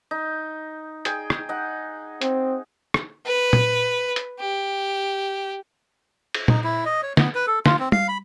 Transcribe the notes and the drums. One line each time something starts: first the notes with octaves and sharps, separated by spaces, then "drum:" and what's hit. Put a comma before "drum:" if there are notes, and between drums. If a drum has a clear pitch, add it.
D#4
G#4 G5, drum: hi-hat
drum: rim click
D#4 F#5
C4, drum: hi-hat
drum: rim click
B4
drum: tom
drum: hi-hat
G4
drum: cymbal
D#4, drum: tom
E4
D#5
C#5
B3, drum: snare
B4
A4
F4, drum: snare
C4
F5, drum: tom
B5